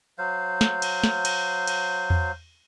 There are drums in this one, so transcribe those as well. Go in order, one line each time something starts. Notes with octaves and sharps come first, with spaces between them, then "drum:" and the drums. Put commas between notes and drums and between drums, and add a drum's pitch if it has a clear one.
F#3 C5 F5
drum: snare
drum: cymbal
drum: snare
drum: cymbal
drum: cymbal
drum: tom E2